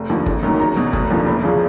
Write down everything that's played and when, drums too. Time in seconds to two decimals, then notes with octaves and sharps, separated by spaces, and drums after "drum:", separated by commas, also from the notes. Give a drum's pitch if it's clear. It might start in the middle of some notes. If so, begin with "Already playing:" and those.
Already playing: F1
0.09 D#2 D3 F3
0.26 F#1, drum: kick
0.43 F#2 D#3 F#3
0.60 E2 A#5
0.77 B2 F#3
0.93 F1, drum: kick
1.10 D#2 D3 F3
1.26 F#1 B5
1.43 E2 C#3 F3